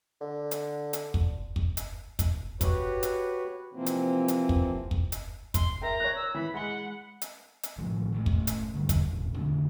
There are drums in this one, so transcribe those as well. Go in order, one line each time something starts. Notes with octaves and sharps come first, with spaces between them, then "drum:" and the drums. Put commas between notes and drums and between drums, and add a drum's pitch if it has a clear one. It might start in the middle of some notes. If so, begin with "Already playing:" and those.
D3
drum: hi-hat
drum: hi-hat
drum: kick
drum: kick
drum: hi-hat
drum: kick, hi-hat
F#4 G4 B4 C#5, drum: kick, hi-hat
drum: hi-hat
C3 E3 F3 A#3 C4
drum: hi-hat
drum: hi-hat
drum: kick
drum: kick
drum: hi-hat
C6, drum: kick, hi-hat
A#4 E5 G5 A#5
C#5 F#6
E6
E3 B5
G#3 F#5 B5 G7
drum: hi-hat
drum: hi-hat
A2 D#3 F3 G#3
A1 A3
drum: kick
drum: hi-hat
G2 D3 E3 G3
drum: kick, hi-hat
E1 A1
F1 D3 A3 D4